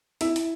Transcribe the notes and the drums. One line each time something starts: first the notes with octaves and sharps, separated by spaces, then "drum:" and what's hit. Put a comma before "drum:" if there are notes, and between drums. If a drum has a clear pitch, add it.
E4, drum: hi-hat
drum: hi-hat